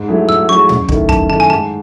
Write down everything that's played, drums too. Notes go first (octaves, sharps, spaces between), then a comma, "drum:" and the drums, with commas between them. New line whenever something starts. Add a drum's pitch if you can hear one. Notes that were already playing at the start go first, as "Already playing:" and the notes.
Already playing: G#2
F#3 A3 E4 G#4
G#2 E6
F#3 A3 E4 G#4 C#6
F#2, drum: tom
D#3 A3 E4, drum: kick
F#2 A5, drum: kick
D#3 A3 E4 A5
G#5
G#2 A5